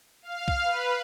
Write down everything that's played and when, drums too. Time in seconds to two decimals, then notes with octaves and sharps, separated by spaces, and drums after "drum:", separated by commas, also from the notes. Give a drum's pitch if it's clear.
0.22 F5
0.48 drum: kick C2
0.64 B4